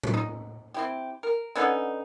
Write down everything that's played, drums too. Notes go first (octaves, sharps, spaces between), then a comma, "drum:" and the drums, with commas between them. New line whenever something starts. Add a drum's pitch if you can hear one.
drum: tom A2
D#4
C4 E4 G4
A#4
D3 B3 C#4 D#4